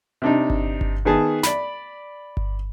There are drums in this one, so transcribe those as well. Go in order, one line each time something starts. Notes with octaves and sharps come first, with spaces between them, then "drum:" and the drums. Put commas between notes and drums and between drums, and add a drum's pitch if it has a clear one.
C3 D4 D#4
drum: kick G1
drum: kick G1
D#3 B3 G#4 A5
D5 B5, drum: snare
drum: kick G1